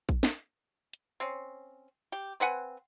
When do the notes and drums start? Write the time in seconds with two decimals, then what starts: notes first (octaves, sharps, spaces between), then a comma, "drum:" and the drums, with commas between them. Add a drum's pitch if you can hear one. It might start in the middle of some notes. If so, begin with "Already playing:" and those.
0.09 drum: kick A#1
0.23 drum: snare
0.93 drum: hi-hat
1.20 C4 C#4
2.12 G4
2.40 C4 B4 F#5 G#5